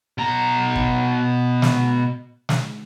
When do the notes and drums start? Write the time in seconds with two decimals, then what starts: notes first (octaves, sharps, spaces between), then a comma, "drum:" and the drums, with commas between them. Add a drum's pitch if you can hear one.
0.18 B2 A#5
0.76 drum: kick
1.62 drum: snare
2.49 drum: snare